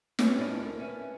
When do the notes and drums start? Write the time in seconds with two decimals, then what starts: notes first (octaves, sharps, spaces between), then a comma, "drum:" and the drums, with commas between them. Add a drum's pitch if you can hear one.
0.19 B3 C#4 F#4 G4 B4 C#5, drum: snare
0.38 C#4 D4 E4 F4 D5 D#5
0.57 D2 A#4
0.79 C#4 B4 E5